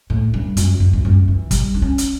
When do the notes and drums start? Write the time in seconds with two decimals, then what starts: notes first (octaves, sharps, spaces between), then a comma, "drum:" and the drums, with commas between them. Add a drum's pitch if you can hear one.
0.10 A2
0.34 G2
0.57 F#2, drum: hi-hat
0.80 F#2
0.93 G2
1.05 F#2
1.28 E3
1.51 G3, drum: kick, hi-hat
1.74 D4
1.82 C#4
1.98 drum: hi-hat